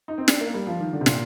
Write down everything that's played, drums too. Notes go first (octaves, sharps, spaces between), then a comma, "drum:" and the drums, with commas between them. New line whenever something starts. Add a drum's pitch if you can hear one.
D#4
C4
D4, drum: snare
A#3
G3
F3
D#3
D3
C3
A#2, drum: snare